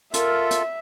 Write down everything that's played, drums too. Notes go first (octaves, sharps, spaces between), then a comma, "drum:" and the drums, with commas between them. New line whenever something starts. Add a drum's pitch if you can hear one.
F4 A4 A#4 E5, drum: hi-hat
drum: hi-hat